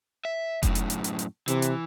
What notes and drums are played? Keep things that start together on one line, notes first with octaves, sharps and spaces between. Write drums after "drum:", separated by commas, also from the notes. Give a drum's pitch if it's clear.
E5
F#2 A2, drum: kick F1, hi-hat
drum: hi-hat
drum: hi-hat
drum: hi-hat
drum: hi-hat
C3 E3, drum: hi-hat
drum: hi-hat